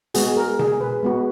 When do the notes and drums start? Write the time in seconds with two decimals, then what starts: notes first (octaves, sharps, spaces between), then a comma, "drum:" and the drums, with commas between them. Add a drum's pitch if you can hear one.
0.14 G#3 B3 F#4 G#4, drum: hi-hat
0.37 A#4
0.59 G#4, drum: tom B2
0.81 B4
1.03 G#3 B3 F#4